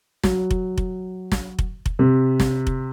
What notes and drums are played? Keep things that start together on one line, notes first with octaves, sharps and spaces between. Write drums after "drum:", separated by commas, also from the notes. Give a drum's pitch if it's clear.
F#3, drum: snare
drum: kick F1
drum: kick F1
drum: snare
drum: kick F1
drum: kick F1
C3
drum: snare
drum: kick F1